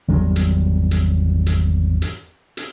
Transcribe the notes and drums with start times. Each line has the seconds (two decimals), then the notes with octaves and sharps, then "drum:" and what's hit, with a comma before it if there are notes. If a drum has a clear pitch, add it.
0.08 G#1 E2 F#3 G3
0.36 drum: hi-hat
0.91 drum: hi-hat
1.46 drum: hi-hat
2.02 drum: hi-hat
2.57 drum: hi-hat